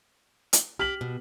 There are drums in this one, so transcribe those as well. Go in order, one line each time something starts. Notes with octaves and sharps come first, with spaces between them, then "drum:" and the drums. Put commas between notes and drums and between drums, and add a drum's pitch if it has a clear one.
drum: hi-hat
G4 F6 B6 F#7
B2